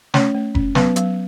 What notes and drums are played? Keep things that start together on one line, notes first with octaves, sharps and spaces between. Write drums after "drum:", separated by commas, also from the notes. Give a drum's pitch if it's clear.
A3 C#4 C#5, drum: snare
A3
C#4, drum: kick F1
F#3 B3 B4, drum: snare
F#3, drum: hi-hat